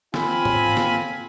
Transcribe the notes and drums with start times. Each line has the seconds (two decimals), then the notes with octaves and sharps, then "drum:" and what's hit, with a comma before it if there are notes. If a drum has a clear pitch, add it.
0.14 C4 F4 A4 F5 G#5 B5, drum: snare
0.45 drum: tom G#2
0.77 drum: snare